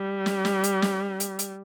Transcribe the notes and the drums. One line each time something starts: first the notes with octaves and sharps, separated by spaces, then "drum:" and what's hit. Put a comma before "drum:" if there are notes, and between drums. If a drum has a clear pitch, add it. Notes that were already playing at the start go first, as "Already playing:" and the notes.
Already playing: G3
drum: snare
drum: snare
drum: hi-hat
drum: snare
drum: hi-hat
drum: hi-hat